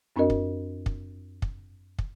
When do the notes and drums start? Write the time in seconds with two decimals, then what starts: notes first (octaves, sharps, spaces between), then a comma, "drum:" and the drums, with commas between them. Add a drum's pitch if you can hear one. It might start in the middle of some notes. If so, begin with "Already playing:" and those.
0.16 F#2 C4 D4 F#4 A#4 D#5
0.30 drum: kick
0.86 drum: kick
1.42 drum: kick
1.99 drum: kick